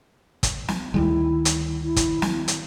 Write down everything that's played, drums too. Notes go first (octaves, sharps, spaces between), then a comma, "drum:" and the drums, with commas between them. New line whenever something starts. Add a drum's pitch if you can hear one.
drum: kick, hi-hat
drum: snare
D2 D#3 G3 G#3 E4
drum: hi-hat
E4
drum: kick, hi-hat
drum: snare
drum: hi-hat